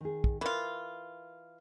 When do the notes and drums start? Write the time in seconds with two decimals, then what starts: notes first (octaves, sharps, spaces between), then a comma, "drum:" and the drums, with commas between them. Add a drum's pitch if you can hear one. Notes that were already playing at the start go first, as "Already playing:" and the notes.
0.01 D#3 G#4
0.24 drum: kick
0.41 E3 F4 A#4